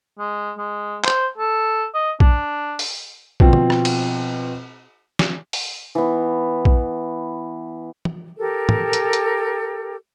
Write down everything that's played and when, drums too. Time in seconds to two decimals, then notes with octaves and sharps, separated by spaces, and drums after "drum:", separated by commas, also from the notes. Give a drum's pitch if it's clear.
0.19 G#3
0.58 G#3
1.05 C5, drum: clap
1.38 A4
1.94 D#5
2.20 D4, drum: kick A#1
2.79 drum: open hi-hat
3.40 B2 F3 C4, drum: kick A#1
3.53 drum: tom
3.70 drum: rim click
3.85 drum: cymbal
5.19 drum: snare
5.53 drum: open hi-hat
5.95 E3 B3
6.65 drum: kick A#1
8.05 drum: tom
8.38 G4 A4 A#4
8.69 drum: tom
8.93 drum: hi-hat
9.13 drum: hi-hat